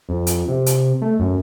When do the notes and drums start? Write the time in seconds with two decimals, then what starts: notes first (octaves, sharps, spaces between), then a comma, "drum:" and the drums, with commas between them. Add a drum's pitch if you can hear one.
0.09 F2
0.27 drum: hi-hat
0.48 C3
0.66 drum: hi-hat
1.02 A3
1.19 F#2